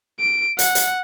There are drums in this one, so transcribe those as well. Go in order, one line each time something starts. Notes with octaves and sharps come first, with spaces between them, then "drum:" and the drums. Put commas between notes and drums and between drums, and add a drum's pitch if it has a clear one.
D7
F#5, drum: hi-hat
drum: hi-hat